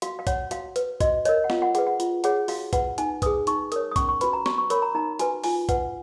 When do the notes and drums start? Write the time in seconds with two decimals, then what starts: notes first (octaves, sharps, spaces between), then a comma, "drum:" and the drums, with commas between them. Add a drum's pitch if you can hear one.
0.02 F#4 F5, drum: hi-hat
0.19 F5
0.27 C#5 F#5, drum: kick, hi-hat
0.51 F#4 F5, drum: hi-hat
0.76 B4, drum: hi-hat
1.00 F#4 D#5, drum: kick, hi-hat
1.25 A#4 C#5 D#5, drum: hi-hat
1.44 F#5
1.50 F4 F5, drum: snare
1.62 F#5
1.75 G#4 B4 F#5, drum: hi-hat
1.87 F#5
2.00 F4, drum: hi-hat
2.24 G#4 C#5 F#5, drum: hi-hat
2.48 F#4 F5, drum: open hi-hat
2.73 B4 F#5, drum: kick, hi-hat
2.98 D#4 G#5, drum: hi-hat
3.22 G#4 B4 D#6, drum: kick, hi-hat
3.47 D#4 C#6, drum: hi-hat
3.72 A#4 C#5 D#6, drum: hi-hat
3.91 D#6
3.96 C#4 C#6, drum: kick, hi-hat
4.09 C#6
4.21 F#4 B4 B5, drum: hi-hat
4.33 A#5
4.46 F#4 C#6, drum: snare
4.58 C#6
4.70 A#4 C#5 B5, drum: hi-hat
4.82 A#5
4.95 D#4 A#5
5.19 F#4 B4 G#5, drum: hi-hat
5.44 F4 G#5, drum: open hi-hat
5.69 B4 F#5, drum: kick, hi-hat